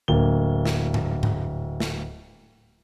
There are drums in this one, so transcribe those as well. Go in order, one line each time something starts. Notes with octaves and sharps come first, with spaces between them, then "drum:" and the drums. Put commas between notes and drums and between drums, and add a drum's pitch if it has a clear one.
D1 A#3 G7
drum: snare
drum: tom G#2
drum: tom G#2
drum: snare